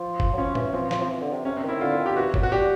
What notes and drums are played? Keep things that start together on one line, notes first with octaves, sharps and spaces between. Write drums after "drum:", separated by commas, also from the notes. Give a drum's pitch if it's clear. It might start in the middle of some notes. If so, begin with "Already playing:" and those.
Already playing: F3
drum: kick
F#3
F3 C#4
E3, drum: tom A#2
F3 C4
F3, drum: snare
F3
E3
D3
C3
C3 C#4
C4
D#3
E4
D3 F4
D#3
G4
E3 F#4
F#3, drum: kick
F#4
G3 G4